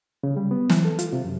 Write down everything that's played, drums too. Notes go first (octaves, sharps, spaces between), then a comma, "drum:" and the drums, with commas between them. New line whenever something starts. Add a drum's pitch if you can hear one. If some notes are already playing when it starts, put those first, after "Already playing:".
C#3
G3
B3
E3, drum: snare
A4
F4, drum: hi-hat
C3
F#2